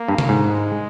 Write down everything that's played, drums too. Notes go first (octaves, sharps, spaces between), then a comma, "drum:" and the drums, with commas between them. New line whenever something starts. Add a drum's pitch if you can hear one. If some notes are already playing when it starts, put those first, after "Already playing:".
Already playing: A#3
G2
drum: tom C3
G#2
G#3